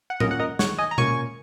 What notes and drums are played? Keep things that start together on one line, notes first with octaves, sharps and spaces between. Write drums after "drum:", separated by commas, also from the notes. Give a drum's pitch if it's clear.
F#5
A#2 A#3 C#4 A#4 D#5, drum: tom A2
F#5
A#4 D#5
C#5 F#5, drum: snare
D#5 G#5
A#5
A#2 A#3 C#4 G#5 C#6, drum: tom B2